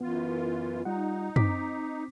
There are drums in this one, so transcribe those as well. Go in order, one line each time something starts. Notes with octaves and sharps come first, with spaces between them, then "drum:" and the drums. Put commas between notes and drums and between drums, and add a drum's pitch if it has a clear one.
F#2 E3 B3 F4
G3 D#4 F4 F#5
C4 D6 B6, drum: tom